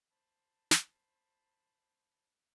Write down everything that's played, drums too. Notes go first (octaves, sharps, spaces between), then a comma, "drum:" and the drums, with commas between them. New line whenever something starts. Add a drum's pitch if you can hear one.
C5 A5 B5
drum: snare